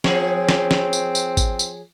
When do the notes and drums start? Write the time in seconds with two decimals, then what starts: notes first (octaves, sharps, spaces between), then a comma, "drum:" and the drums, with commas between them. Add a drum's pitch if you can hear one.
0.04 F3 C4 G#4 C#5, drum: snare
0.49 drum: snare
0.71 drum: snare
0.93 drum: tambourine
1.15 drum: tambourine
1.37 drum: kick G#1, tambourine
1.59 drum: tambourine